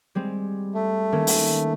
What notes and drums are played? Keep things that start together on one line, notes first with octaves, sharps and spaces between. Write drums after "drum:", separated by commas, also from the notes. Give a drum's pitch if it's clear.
G3 G#3 C4
A3
D#3 A#3 C#4
drum: open hi-hat